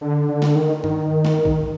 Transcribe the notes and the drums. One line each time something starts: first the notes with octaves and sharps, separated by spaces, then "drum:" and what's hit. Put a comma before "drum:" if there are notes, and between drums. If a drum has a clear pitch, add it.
D3
D3
drum: snare
D#3
D#3, drum: tom G2
drum: snare
drum: kick A1